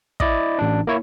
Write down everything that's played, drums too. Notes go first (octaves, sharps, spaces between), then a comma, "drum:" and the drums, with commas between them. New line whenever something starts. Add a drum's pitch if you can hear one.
E4 D5 D#5, drum: kick
A1 D4
A#3 E4 C#5